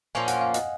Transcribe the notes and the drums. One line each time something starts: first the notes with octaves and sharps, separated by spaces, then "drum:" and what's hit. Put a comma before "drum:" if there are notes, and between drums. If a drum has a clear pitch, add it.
A#2 F3 A#3 C#4 G#5
F#5, drum: hi-hat
F5
D#5, drum: hi-hat